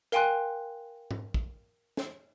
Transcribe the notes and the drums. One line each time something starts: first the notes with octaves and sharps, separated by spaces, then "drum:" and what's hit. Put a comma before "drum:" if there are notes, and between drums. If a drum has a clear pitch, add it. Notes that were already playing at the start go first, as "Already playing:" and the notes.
A#4 F5 G5 G#5 C6 F#6, drum: hi-hat
drum: tom G#2
drum: kick
drum: snare